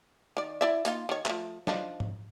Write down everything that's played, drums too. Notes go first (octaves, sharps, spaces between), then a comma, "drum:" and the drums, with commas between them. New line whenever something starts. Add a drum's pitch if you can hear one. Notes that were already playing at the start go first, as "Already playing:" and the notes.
D#3 D5
E4 D5 E5
A#3 D#4 F4, drum: hi-hat
D#3 C#5
F3 A3, drum: clap
F3 D4 D#4, drum: snare
drum: tom G#2